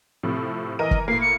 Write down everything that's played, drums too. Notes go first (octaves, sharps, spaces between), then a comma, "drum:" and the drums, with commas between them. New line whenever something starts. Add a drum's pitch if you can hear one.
A2 C3 F3
E3 A#4 D#5 D#7
drum: kick
A2 A#3 C7
C#7